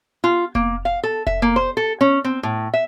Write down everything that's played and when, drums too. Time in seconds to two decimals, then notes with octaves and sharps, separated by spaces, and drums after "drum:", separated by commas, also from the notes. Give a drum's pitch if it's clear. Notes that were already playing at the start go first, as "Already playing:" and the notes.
0.24 F4
0.55 A#3, drum: kick F1
0.85 F5
1.03 A4
1.27 E5, drum: kick F1
1.42 A#3
1.56 C5
1.77 A4
2.01 C#4
2.24 C4
2.43 A2
2.74 E5